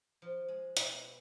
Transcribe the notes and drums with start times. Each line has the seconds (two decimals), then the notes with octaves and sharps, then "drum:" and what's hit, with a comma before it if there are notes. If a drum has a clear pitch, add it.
0.22 F3
0.48 G#3
0.77 B2, drum: hi-hat